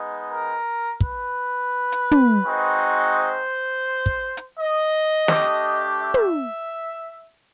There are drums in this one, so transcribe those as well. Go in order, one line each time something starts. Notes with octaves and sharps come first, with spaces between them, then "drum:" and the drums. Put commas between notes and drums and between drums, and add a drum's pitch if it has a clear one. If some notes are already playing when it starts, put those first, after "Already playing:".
Already playing: G#3 B3 D#4
A#4
B4, drum: kick
drum: hi-hat
drum: tom
G#3 C4 D#4 F#4
C5
drum: kick
drum: hi-hat
D#5
A3 D4 G4, drum: snare
E5
drum: tom